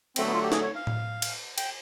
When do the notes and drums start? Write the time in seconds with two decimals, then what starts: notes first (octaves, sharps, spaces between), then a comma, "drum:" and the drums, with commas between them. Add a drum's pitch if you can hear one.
0.16 D3 F#3 A3 C4, drum: cymbal
0.26 B3
0.34 F4
0.43 G4
0.52 G#4, drum: snare
0.63 C#5
0.75 F5
0.87 drum: tom A2
1.22 drum: cymbal
1.58 G5, drum: cymbal